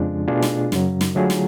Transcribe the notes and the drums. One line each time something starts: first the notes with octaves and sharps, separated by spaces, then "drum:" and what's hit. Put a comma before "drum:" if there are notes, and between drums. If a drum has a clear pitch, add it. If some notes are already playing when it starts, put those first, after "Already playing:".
Already playing: F2 C#3 F3 G#3 D4
B2 A3 D4 F4 G#4
drum: snare
F#2 C#3 F#3, drum: snare
drum: snare
D3 F#3 A3 F4 G#4
drum: snare